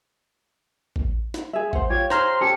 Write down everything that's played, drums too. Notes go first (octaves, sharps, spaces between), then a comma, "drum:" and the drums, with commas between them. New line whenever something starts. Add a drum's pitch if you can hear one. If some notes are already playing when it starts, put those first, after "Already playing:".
drum: kick A1
drum: snare
G#4 E5
C5 F#5, drum: kick A1
F4 G4 C#5 G#6
C5 A#5 C6 F6, drum: snare
C#4 G4 A4 C#7